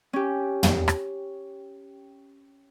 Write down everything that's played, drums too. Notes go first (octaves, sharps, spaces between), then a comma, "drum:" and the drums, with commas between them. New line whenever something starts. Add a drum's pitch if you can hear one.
C#4 G4
drum: tom
drum: rim click